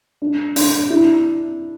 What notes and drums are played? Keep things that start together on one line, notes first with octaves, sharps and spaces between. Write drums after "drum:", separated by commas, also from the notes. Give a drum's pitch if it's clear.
D4
D4, drum: open hi-hat
E4